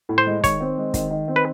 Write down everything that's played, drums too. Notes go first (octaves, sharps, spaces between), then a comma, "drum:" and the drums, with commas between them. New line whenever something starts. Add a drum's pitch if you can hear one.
A2
C5
G#3
D#3 C#5, drum: kick, hi-hat
C4
G#3
D#3, drum: kick, hi-hat
D#3
C4
B4